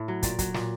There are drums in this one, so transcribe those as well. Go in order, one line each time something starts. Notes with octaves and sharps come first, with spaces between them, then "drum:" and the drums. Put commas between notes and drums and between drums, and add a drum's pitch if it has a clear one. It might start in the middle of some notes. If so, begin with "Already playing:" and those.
Already playing: A2
F#3
A#2 D5, drum: kick, hi-hat
F#3, drum: kick, hi-hat
A#2, drum: snare